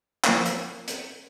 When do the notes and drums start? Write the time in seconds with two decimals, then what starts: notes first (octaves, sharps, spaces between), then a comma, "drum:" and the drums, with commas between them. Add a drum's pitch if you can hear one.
0.24 F3 A#3 F5, drum: clap
0.46 drum: hi-hat
0.88 drum: hi-hat